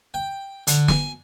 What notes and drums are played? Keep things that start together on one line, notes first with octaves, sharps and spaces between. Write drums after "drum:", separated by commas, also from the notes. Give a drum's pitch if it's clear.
G5
D3, drum: hi-hat
G#5, drum: snare